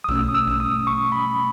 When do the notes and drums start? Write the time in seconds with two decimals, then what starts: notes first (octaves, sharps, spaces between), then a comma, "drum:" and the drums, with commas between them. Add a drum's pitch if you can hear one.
0.04 D#6
0.09 B2 A3 C#4 E6, drum: kick A#1
0.29 D#6
0.35 E6
0.48 drum: kick A#1
0.60 D#6
0.87 C#6
1.12 B5